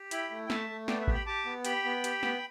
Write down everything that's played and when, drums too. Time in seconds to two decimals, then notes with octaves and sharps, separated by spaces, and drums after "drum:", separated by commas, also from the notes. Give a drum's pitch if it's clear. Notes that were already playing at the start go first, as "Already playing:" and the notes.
Already playing: G4
0.11 E4 G5 B5, drum: hi-hat
0.30 A3
0.46 G5
0.50 A3 E5 A5, drum: snare
0.70 A3
0.88 B3 D5 G5, drum: snare
1.01 B4 E5
1.07 G4, drum: kick A1
1.14 G5 B5
1.26 G4 A5 D6
1.45 B3
1.65 G4 G5 B5, drum: hi-hat
1.85 B3
2.04 G4, drum: hi-hat
2.23 B3, drum: snare